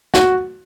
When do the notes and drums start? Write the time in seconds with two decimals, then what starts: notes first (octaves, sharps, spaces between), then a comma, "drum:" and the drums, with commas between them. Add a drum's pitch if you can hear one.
0.14 F#4, drum: snare